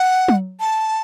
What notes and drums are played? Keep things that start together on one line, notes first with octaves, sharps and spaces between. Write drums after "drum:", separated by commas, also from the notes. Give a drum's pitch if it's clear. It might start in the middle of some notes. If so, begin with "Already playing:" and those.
Already playing: F#5
drum: tom F#3
A5